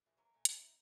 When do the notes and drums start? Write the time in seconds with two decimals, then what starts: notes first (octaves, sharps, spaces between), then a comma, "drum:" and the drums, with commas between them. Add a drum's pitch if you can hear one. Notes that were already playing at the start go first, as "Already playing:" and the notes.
0.06 A2 E3 F#4
0.17 E3 F#3 A#4 E5
0.33 A#2 A3 G#5
0.45 G3 C#4 D4 G#4, drum: hi-hat
0.59 C4 D#4 E4 F#4